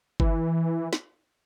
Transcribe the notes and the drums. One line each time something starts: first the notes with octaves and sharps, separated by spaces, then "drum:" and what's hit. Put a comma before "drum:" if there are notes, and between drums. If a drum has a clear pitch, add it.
E3, drum: kick G1
drum: snare